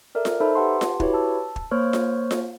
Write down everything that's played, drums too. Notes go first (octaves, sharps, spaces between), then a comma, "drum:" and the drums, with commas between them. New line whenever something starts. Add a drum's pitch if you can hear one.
A4 A#4 D5 E5
drum: snare F4
D#4 A4 C5 E5 B5
G4 B4 F#5 A5 C6
drum: snare F4
E4 F#4 G4 B4 C#5, drum: kick
A5 E6
drum: kick
A#3 C5 C#5 C#6 F6
drum: snare F4
drum: snare F4